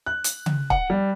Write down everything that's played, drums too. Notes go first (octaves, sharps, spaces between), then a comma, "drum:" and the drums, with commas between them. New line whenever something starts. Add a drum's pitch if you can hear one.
F#6
drum: hi-hat
drum: tom C#3
F#5, drum: kick
G3